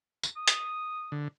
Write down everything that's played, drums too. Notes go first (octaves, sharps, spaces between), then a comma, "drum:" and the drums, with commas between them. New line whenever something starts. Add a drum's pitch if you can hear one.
drum: tambourine
D#6
drum: hi-hat
D3